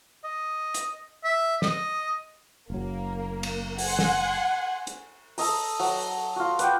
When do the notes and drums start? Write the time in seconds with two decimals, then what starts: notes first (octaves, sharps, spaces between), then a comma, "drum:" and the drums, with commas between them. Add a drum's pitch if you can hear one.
0.24 D#5
0.74 drum: hi-hat
1.24 E5
1.62 D#5, drum: snare
2.70 F#1 F#3 A#3
3.43 drum: cymbal
3.78 F#5 G#5 C6, drum: open hi-hat
3.99 drum: snare
4.87 drum: hi-hat
5.38 A4 D#5 A#5, drum: open hi-hat
5.79 F#3, drum: open hi-hat
6.36 F4 F#4
6.59 B4 D5 F#5 G5, drum: hi-hat